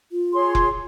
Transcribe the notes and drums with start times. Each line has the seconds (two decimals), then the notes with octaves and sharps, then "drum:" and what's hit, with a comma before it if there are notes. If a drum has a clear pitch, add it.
0.12 F4
0.34 G#4 C#5 C6
0.55 drum: kick F1